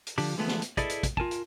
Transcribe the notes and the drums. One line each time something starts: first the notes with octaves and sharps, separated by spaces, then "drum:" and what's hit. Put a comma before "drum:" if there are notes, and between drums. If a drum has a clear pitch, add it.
drum: hi-hat
D3 F3 D4 G4, drum: open hi-hat
D3 E3 F3 G#3 A3 B3
drum: snare
drum: hi-hat
E4 G#4 A4 B4 D5 D#5, drum: kick, hi-hat
drum: hi-hat
drum: kick, hi-hat
F4 A#4 G#5 A5, drum: kick
drum: hi-hat